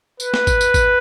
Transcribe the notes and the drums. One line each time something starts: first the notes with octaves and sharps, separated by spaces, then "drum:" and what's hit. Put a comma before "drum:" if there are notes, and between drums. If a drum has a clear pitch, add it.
B4, drum: tambourine
drum: snare A#3
drum: kick G#1, tambourine
drum: tambourine
drum: kick G#1, tambourine